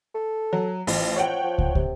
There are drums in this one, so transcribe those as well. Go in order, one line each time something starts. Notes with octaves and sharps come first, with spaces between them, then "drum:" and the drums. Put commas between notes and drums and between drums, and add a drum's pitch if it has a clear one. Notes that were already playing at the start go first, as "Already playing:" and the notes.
A4
F#3
A1 F3, drum: open hi-hat
C#5 F#5 G5
F3
drum: kick
C3, drum: kick